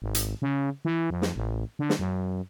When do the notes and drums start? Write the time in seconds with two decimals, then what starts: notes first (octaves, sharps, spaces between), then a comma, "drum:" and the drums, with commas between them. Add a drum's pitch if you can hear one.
0.02 G#1
0.15 drum: hi-hat
0.42 C#3
0.85 E3
1.10 F2
1.22 drum: snare
1.36 A1
1.79 D3
1.90 drum: snare
1.99 F#2